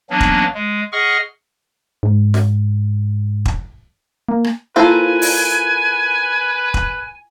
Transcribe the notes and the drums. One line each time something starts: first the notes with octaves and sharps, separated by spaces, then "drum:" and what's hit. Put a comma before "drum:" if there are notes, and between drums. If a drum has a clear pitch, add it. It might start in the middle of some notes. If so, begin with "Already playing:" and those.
E3 F#3 A#3 B3 C#4 D4
drum: kick
G#3
G#4 D#5 F#5 C#6 F6
G#2
drum: snare
drum: kick
A#3
drum: rim click
A#3 E4 F4 A4 B4 C5 F5 G#5
drum: open hi-hat
drum: kick